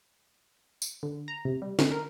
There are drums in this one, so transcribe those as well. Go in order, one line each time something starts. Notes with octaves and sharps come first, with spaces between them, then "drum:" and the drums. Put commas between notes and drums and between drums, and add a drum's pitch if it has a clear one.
drum: tambourine
D3
A#5
C3
G3
D3, drum: snare
A#4